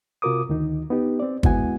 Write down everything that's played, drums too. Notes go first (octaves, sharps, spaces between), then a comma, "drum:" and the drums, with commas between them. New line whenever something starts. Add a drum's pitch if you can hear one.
C3 F4 F#4 A#4 D6 D#6
D2 D#3 D#4
B3 D#4 G4
C4 D5
G#3 B3 E4 F#4 F#5 G#5, drum: kick